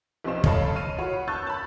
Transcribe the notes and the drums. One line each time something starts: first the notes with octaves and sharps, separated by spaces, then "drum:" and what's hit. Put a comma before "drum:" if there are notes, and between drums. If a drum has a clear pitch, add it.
A#1 C3 D#4 C5 E7
A4 C#5 D#5 F5 A5 B5, drum: kick
F6 C7 D#7
F#4 C#5 B5
A5 C#6 E6 F#6 G6 A6
A5 B5